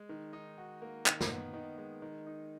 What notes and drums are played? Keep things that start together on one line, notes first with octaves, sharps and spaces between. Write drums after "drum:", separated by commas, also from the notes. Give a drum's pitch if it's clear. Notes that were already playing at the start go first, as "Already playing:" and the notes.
Already playing: G#3
D#3
D#4
F#4
A#3
D#3, drum: clap
drum: snare
B3
D#3
G#3
D#3
D#4